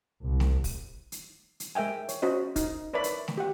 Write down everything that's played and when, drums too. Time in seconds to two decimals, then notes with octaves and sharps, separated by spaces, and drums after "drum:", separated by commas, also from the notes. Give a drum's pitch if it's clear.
0.23 C2
0.40 drum: snare
0.64 drum: kick, open hi-hat
1.12 drum: hi-hat
1.60 drum: hi-hat
1.75 G#3 A#4 E5 G5 G#5
2.09 C#5, drum: hi-hat
2.22 C#4 F#4 C5 D#5
2.56 D#4, drum: kick, hi-hat
2.93 A#4 B4 C#5 D5 E5 B5
3.04 drum: hi-hat
3.28 drum: snare
3.38 G4 F#5